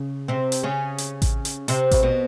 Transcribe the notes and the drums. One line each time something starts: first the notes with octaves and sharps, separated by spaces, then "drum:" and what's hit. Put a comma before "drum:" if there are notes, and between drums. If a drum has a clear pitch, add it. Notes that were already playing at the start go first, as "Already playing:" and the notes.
Already playing: C#3
C3 C4
drum: hi-hat
C#3 C#4
drum: hi-hat
drum: kick A1, hi-hat
drum: hi-hat
C3 C4, drum: hi-hat
drum: kick A1, hi-hat
B2 B3